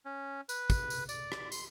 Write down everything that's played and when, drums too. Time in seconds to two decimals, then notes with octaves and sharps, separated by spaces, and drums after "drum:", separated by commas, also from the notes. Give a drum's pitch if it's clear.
0.05 C#4
0.49 B4, drum: tambourine
0.70 drum: kick, tambourine
0.90 drum: tambourine
1.09 D5, drum: tambourine
1.32 drum: rim click
1.52 C6, drum: tambourine